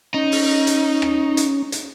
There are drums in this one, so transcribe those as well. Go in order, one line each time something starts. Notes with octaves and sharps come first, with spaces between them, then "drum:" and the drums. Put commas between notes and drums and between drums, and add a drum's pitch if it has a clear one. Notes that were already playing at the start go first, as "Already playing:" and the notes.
C#4 D#4
drum: open hi-hat
drum: hi-hat
drum: rim click
drum: hi-hat
drum: hi-hat